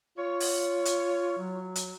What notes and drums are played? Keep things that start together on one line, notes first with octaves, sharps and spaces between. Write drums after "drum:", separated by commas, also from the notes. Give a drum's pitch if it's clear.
F4 C#5
drum: open hi-hat
drum: hi-hat
F#3
drum: hi-hat